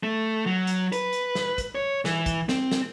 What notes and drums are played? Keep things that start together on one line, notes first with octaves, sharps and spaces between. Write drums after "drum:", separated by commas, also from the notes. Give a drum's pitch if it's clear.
A3
F#3
drum: hi-hat
B4, drum: hi-hat
drum: hi-hat
drum: snare
drum: kick, hi-hat
C#5
E3, drum: snare
drum: kick, hi-hat
C4, drum: snare
drum: snare